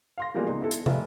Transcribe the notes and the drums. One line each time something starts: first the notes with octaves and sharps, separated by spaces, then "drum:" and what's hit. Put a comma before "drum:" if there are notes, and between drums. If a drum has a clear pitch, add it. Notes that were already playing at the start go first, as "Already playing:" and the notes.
F5 C6 A#6
E3 F3 G3 G#3 A#3 B3
C#2 D#4 C6
B3 E4 A4
drum: hi-hat
F1 F2 F3 B4 E5 F5, drum: tom